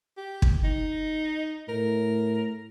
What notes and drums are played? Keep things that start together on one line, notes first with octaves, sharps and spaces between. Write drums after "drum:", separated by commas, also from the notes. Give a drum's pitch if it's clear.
G4
drum: kick
D#4
A2 A#4